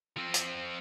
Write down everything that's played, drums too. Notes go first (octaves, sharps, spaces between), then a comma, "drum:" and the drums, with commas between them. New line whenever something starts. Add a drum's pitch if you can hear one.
F3 C4
drum: hi-hat